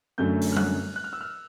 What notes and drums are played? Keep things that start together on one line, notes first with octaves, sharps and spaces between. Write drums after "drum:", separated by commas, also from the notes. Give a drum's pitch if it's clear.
F#2 D3 F#3 A3 G6
drum: open hi-hat
F6
F#6, drum: tom G3
F#6
F6
E6
F6